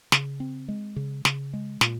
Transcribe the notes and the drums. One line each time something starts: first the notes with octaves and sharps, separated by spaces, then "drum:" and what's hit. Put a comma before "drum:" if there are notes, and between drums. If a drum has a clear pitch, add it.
C#3, drum: snare
C4
G#3
C#3
C#3, drum: snare
G#3
A#2, drum: snare